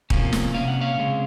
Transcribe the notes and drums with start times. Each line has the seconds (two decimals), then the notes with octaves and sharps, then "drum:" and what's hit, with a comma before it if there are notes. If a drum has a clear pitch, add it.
0.10 C3 F3 A#3 C#4, drum: kick D#1
0.33 drum: snare
0.54 C3 F3 A#3 C#4 F5
0.68 F#5
0.81 C#5 F5
0.98 C#3 G#3 C4